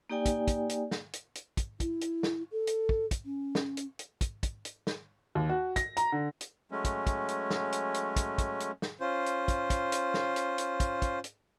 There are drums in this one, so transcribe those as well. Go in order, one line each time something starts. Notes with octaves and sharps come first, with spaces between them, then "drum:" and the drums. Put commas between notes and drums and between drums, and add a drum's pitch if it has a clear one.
A#3 D#4 G4 D5 G5 G#5
drum: kick, hi-hat
drum: kick, hi-hat
drum: hi-hat
drum: snare
drum: hi-hat
drum: hi-hat
drum: kick, hi-hat
E4, drum: kick, hi-hat
drum: hi-hat
drum: snare
A4
drum: hi-hat
drum: kick
drum: kick, hi-hat
C#4
drum: snare
drum: hi-hat
drum: hi-hat
drum: kick, hi-hat
drum: kick, hi-hat
drum: hi-hat
drum: snare
D#2
F#4
A#6, drum: kick, hi-hat
A#5, drum: hi-hat
D3
drum: hi-hat
F#3 G#3 A3 C#4
drum: kick, hi-hat
drum: kick, hi-hat
drum: hi-hat
drum: snare
drum: hi-hat
drum: hi-hat
drum: kick, hi-hat
drum: kick, hi-hat
drum: hi-hat
drum: snare
C#4 F4 C5
drum: hi-hat
drum: kick, hi-hat
drum: kick, hi-hat
drum: hi-hat
drum: snare
drum: hi-hat
drum: hi-hat
drum: kick, hi-hat
drum: kick, hi-hat
drum: hi-hat